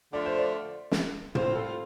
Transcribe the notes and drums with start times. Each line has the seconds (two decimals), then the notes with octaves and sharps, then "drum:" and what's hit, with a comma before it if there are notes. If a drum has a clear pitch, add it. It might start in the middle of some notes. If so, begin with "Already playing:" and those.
0.12 D3 F3 A3 D4 F4 D5
0.26 C5
0.38 D5
0.91 drum: snare
1.35 A2 G3 C4 F4 C5, drum: tom
1.56 A4